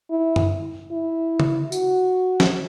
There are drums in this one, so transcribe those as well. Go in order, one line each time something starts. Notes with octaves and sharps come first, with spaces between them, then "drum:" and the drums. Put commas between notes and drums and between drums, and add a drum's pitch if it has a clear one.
E4
drum: tom F#2
E4
drum: tom C#3
F#4, drum: tambourine
drum: snare